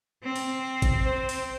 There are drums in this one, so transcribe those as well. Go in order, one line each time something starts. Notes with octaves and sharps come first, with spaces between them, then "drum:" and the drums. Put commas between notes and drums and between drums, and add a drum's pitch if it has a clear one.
C4
drum: open hi-hat
drum: kick G#1, hi-hat
C5
drum: open hi-hat